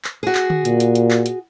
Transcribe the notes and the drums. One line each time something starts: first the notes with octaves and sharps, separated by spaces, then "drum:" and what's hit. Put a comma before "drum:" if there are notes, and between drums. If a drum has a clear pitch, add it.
drum: clap
F#4 G#4
drum: clap
drum: tom D3
A#2, drum: hi-hat
drum: hi-hat
drum: hi-hat
drum: clap
drum: hi-hat